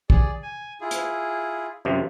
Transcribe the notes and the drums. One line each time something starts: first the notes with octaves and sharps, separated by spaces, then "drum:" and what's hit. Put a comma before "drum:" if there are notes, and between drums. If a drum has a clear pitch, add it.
G#4 D5, drum: kick A#1
G#5
E4 F4 G#4
drum: hi-hat
F#2 C3 F3